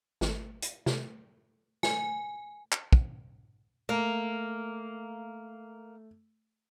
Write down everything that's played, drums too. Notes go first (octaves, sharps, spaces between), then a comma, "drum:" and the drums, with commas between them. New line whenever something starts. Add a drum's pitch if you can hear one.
G#1, drum: snare
drum: hi-hat
C3, drum: snare
G#5, drum: snare
drum: clap
drum: kick
A3 A#3